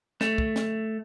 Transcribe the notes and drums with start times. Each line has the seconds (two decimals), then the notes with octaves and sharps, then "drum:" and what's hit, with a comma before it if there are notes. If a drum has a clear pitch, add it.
0.21 A3, drum: snare
0.38 drum: kick
0.56 drum: snare